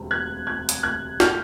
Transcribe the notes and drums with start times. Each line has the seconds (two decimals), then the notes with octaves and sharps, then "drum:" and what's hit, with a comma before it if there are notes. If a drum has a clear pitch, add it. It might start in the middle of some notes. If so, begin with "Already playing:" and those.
Already playing: E1 D2 C3
0.11 F#6 G#6
0.47 F#6 G#6
0.69 drum: hi-hat
0.83 F#6 G#6
1.20 F6 G6, drum: snare